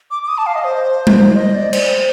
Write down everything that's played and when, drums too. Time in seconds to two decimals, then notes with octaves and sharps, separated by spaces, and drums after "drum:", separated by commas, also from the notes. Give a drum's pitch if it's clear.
0.11 D6
0.23 D6
0.28 D#6
0.38 A5
0.46 F5
0.55 D#5
0.64 C5
1.07 drum: tom G3
1.36 D#5
1.54 D5
1.73 C5, drum: cymbal